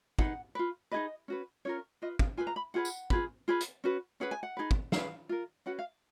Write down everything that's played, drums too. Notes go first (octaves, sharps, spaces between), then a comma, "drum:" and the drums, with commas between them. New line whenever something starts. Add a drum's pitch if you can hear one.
D#4 G#4 B4 F#5, drum: kick
F4 B4
D#4 G#4 B4 D#5
C#4 F#4 B4
C#4 F4 A#4 C#5
F4 B4 D#5
F5, drum: kick
F4 G#4 B4 G#5
A#5
B5
F4 G#4 B4 F#5
drum: tambourine
F4 G#4 B4, drum: kick
F4 G#4 B4
drum: hi-hat
C#4 F#4 B4
C#4 G#4 B4 F#5
G#5
F#5
D#4 G#4 B4
drum: kick
C#4 G#4 B4 F5, drum: snare
F4 A#4
C#4 F#4 B4 F#5
F5